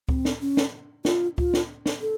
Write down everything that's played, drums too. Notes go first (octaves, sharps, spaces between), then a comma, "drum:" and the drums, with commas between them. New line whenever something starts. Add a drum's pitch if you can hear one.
C4, drum: kick C#2
drum: snare
C#4
drum: snare
F4, drum: snare
F4, drum: kick C#2
drum: snare
drum: snare
A4